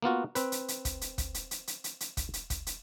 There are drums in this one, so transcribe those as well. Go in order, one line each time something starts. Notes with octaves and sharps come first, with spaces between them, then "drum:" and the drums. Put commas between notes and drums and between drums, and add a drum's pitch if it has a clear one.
A#3 B3 F4 F#4
C4 B4, drum: hi-hat
drum: hi-hat
drum: hi-hat
drum: kick, hi-hat
drum: hi-hat
drum: kick, hi-hat
drum: hi-hat
drum: hi-hat
drum: hi-hat
drum: hi-hat
drum: hi-hat
drum: kick, hi-hat
drum: hi-hat
drum: kick, hi-hat
drum: hi-hat